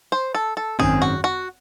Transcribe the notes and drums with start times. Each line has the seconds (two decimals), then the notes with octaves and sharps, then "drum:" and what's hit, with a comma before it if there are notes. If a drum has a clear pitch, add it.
0.12 C5
0.34 A4
0.57 A4
0.79 G#1 F#2 D#3 G#3 C4 G#4, drum: kick
1.02 F#4
1.24 F#4